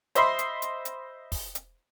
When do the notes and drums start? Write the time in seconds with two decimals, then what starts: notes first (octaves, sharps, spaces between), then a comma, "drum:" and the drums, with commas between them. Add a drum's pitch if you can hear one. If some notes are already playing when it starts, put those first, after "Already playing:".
0.15 C5 D#5 E5 B5 C6, drum: hi-hat
0.39 drum: hi-hat
0.62 drum: hi-hat
0.85 drum: hi-hat
1.32 drum: kick, open hi-hat
1.55 drum: hi-hat